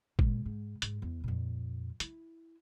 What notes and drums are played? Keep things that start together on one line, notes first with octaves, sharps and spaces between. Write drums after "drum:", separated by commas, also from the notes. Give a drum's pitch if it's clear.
A#2 G#3, drum: kick
G#2
G#2, drum: hi-hat
E2
F2 A#2
E4, drum: hi-hat